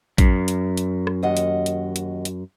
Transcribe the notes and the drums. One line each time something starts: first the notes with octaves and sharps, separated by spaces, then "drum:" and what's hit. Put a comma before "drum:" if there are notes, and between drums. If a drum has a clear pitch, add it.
F#2, drum: kick A1, hi-hat
drum: hi-hat
drum: hi-hat
drum: rim click
D#2 D#5 F#5
drum: hi-hat
drum: hi-hat
drum: hi-hat
drum: hi-hat